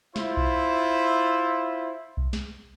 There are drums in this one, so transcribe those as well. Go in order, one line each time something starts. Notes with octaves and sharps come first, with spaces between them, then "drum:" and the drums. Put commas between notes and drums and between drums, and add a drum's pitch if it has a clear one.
E4 F4 C5 E5, drum: snare
drum: kick B1
drum: kick B1
drum: snare